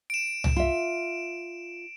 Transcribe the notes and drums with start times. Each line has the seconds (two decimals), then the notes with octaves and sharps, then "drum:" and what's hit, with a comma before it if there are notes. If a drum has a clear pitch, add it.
0.10 D7 E7
0.44 drum: tom C2
0.56 F4 E5